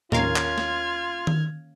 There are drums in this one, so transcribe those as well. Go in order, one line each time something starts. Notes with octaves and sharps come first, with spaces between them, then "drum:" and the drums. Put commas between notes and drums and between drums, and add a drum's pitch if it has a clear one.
D#2 A#3 C#4 F4 A#4 F5 F6 G#6, drum: tom A2
drum: clap
drum: snare
drum: tom D#3